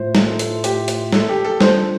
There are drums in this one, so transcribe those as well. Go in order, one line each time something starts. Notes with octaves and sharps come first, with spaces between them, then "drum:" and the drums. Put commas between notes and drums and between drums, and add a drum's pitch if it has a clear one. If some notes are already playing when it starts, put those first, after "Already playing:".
Already playing: A2 A3 F4 C5
A4, drum: snare
A4, drum: hi-hat
G4, drum: hi-hat
drum: hi-hat
A4, drum: snare
G4
A4
G3 D4 F4 A4 C5, drum: snare